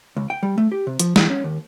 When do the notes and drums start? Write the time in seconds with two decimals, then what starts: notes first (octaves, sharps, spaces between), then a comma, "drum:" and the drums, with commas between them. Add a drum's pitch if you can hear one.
0.17 C#2
0.30 G5
0.43 G3
0.58 A3
0.72 G4
0.87 C3
1.00 F3, drum: hi-hat
1.16 E3, drum: snare
1.30 C#4
1.44 D#2